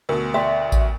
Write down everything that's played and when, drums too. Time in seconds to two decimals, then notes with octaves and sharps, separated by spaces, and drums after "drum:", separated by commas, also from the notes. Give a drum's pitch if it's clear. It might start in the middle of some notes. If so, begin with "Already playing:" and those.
0.09 D2 B2 A#4
0.34 D5 E5 G5 C6
0.72 drum: kick A1, tambourine